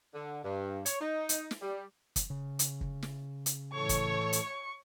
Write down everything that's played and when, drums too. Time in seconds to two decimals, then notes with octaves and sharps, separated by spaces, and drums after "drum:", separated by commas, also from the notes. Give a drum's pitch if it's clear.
0.14 D3
0.44 G2
0.86 C#5, drum: hi-hat
1.01 D#4
1.29 drum: hi-hat
1.51 drum: snare
1.62 G3
2.16 drum: kick, hi-hat
2.30 C#3
2.59 drum: hi-hat
2.81 drum: kick
3.02 drum: snare
3.46 drum: hi-hat
3.74 A2 E3 A4 C#5 C#6
3.89 drum: kick, hi-hat
4.33 drum: hi-hat